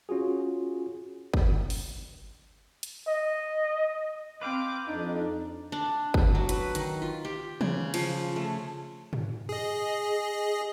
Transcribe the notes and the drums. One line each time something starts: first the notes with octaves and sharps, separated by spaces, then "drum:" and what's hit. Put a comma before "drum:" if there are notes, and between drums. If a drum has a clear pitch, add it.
C#4 F4 F#4 G#4
drum: kick
drum: open hi-hat
drum: hi-hat
D#5
C4 B4 F5 G5 D6
F2 D4 D#4
D4
drum: kick
F#3
B4, drum: hi-hat
D#3, drum: hi-hat
F4
G4
C#3, drum: tom
F3, drum: cymbal
A3
drum: tom
G#4 D#5